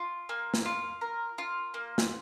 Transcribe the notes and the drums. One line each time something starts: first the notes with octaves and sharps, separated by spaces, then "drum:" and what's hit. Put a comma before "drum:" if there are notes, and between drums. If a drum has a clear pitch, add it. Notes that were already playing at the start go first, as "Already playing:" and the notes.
Already playing: F4
A#3
drum: snare
F4
A#4
F4
A#3
drum: snare